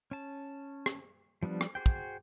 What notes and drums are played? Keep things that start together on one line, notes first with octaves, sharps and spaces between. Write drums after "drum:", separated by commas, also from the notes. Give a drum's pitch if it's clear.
C#4 A5
drum: rim click
F3 G3 B3 D4
drum: rim click
F#4 G#4 C5 G5
drum: kick